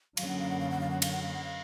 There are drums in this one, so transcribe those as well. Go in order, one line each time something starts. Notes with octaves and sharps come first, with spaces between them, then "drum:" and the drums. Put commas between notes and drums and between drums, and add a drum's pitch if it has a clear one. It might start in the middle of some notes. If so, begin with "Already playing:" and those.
F#2 D3 F#3 A#3 C#4 F5, drum: cymbal
F#5
F5
F#5
F5
F#5
F5
F#5
F5, drum: cymbal
F#5
F5
F#5
F5